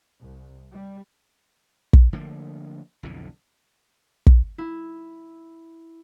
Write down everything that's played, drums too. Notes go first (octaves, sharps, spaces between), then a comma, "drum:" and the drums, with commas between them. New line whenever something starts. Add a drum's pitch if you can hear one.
C2
G3
drum: kick
D3 F3 A3 A#3
B1 F2 D3 E3
drum: kick
E4